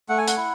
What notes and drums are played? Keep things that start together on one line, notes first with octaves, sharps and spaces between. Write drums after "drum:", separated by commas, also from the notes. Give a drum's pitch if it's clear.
A3 F#5
G#5
F#5, drum: hi-hat
E4